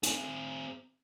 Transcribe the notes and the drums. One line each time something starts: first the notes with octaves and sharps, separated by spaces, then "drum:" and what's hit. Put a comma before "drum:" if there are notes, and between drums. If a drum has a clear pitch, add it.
C4 G#4, drum: hi-hat